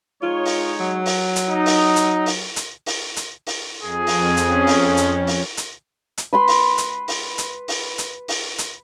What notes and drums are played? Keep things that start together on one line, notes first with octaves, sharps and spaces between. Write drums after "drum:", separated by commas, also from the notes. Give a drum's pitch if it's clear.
G#3 D#4 F4 C#5
drum: open hi-hat
F#3
drum: open hi-hat
drum: hi-hat
D#4
drum: open hi-hat
drum: hi-hat
drum: open hi-hat
drum: hi-hat
drum: open hi-hat
drum: hi-hat
drum: open hi-hat
F2 G#4
drum: open hi-hat
drum: hi-hat
C#4
drum: open hi-hat
drum: hi-hat
drum: open hi-hat
drum: hi-hat
drum: hi-hat
B4 B5 C6
drum: open hi-hat
drum: hi-hat
drum: open hi-hat
drum: hi-hat
drum: open hi-hat
drum: hi-hat
drum: open hi-hat
drum: hi-hat